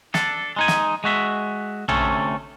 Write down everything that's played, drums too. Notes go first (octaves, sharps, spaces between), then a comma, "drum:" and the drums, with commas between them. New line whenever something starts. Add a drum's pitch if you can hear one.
D4 A4, drum: snare
G#3 D#4 G#5
drum: snare
G#3 F#4 E5
D2 C3 A3 C#4 A4, drum: tom